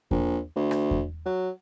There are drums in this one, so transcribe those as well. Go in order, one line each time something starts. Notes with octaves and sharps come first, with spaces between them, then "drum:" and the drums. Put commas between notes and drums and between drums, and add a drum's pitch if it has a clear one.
A#1, drum: kick E2
D2
drum: rim click
drum: kick E2
F#3